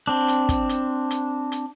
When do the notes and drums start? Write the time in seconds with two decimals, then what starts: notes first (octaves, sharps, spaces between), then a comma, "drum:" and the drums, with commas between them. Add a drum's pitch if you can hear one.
0.07 C4 D4
0.28 drum: hi-hat
0.49 drum: kick, hi-hat
0.69 drum: hi-hat
1.10 drum: hi-hat
1.52 drum: hi-hat